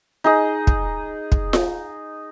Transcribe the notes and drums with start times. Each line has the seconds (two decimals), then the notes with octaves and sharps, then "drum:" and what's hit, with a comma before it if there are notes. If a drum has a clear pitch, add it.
0.24 D#4 G#4 D#5
0.67 drum: kick
1.32 drum: kick
1.53 drum: snare F4